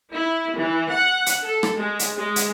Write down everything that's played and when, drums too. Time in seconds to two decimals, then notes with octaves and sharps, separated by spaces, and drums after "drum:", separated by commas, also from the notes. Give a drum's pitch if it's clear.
0.12 E4
0.57 E3
0.90 F#5
1.26 drum: hi-hat
1.44 A4
1.63 drum: rim click
1.77 G#3
1.99 drum: hi-hat
2.16 G#3
2.36 drum: hi-hat